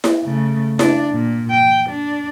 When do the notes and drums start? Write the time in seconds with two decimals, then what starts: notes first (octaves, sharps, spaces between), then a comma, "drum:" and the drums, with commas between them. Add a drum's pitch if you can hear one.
0.04 drum: snare E4
0.24 C#3 A3
0.79 D4, drum: snare E4
1.12 A#2
1.51 G5
1.90 D4